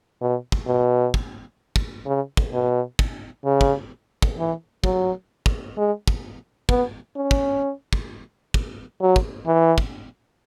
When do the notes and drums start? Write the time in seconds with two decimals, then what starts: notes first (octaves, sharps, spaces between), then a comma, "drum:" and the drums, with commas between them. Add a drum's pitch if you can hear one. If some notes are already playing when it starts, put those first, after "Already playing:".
0.21 B2
0.52 drum: kick
0.67 B2
1.14 drum: kick
1.76 drum: kick
2.06 C#3
2.37 drum: kick
2.53 B2
2.99 drum: kick
3.45 C#3
3.61 drum: kick
4.22 drum: kick
4.38 E3
4.84 F#3, drum: kick
5.46 drum: kick
5.77 G#3
6.08 drum: kick
6.69 B3, drum: kick
7.16 C#4
7.31 drum: kick
7.93 drum: kick
8.54 drum: kick
9.01 F#3
9.16 drum: kick
9.46 E3
9.78 drum: kick